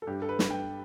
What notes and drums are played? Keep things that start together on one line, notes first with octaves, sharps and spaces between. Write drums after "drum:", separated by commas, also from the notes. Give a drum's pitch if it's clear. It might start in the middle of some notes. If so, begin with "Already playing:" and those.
A4
G2 G4
A4
B4
G2, drum: snare
G5